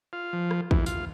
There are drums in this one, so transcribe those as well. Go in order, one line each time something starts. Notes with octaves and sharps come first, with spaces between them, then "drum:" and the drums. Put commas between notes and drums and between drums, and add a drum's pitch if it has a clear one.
F4
F3
drum: rim click
E2, drum: kick
F4, drum: tambourine